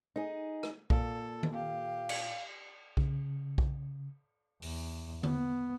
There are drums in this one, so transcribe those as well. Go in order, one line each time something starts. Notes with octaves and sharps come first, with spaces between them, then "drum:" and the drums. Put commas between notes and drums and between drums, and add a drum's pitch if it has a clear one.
D#4 G#4
drum: rim click
A#2 A4, drum: kick B1
drum: tom D#3
G4 F5
drum: cymbal
C#3, drum: kick B1
drum: kick B1
E2, drum: open hi-hat
B3, drum: tom D3